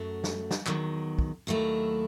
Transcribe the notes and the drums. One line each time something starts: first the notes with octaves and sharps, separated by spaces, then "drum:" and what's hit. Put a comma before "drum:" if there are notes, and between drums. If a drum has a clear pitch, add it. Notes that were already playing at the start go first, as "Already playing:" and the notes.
Already playing: F#2 F#3 A3
drum: snare
drum: snare
E2 D#3 F#3, drum: clap
drum: kick
D#2 D#3 F#3 A3 E4